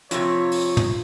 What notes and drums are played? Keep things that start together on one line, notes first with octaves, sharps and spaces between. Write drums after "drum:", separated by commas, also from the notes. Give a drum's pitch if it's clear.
F2 C3 F4 C#5, drum: hi-hat
drum: open hi-hat
drum: tom